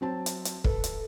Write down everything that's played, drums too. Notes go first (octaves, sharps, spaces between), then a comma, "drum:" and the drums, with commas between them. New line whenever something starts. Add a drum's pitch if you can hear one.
F#3 C4 A5
drum: hi-hat
drum: hi-hat
A4 B4, drum: kick
drum: hi-hat